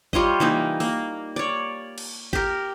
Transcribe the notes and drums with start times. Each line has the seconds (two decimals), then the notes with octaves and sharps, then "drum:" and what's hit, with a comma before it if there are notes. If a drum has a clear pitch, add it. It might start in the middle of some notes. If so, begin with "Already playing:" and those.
0.13 G3 F4 C#5 D#5, drum: kick G#1
0.40 E3 A#3 D#4, drum: tom C3
0.80 A#3, drum: open hi-hat
1.36 C#5 D5
1.98 drum: cymbal
2.33 G4 A#4, drum: kick G#1